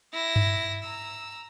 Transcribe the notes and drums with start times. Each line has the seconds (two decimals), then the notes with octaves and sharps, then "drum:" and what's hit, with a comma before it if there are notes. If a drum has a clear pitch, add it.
0.14 E4 A#6
0.36 drum: tom G2
0.84 A#5 E6